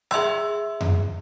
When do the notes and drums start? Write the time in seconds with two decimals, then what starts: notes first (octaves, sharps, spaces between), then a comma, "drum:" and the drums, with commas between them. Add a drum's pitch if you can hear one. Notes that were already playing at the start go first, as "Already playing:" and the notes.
0.11 G#4 E5 C6 E6, drum: rim click
0.81 drum: tom F2